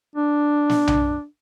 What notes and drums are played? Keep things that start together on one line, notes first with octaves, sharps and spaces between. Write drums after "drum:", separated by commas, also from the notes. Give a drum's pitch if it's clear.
D4
drum: snare
drum: tom B1